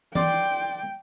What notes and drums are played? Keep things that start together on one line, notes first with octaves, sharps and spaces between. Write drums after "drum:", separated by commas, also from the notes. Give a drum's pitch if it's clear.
D5 G5 C6, drum: tom E3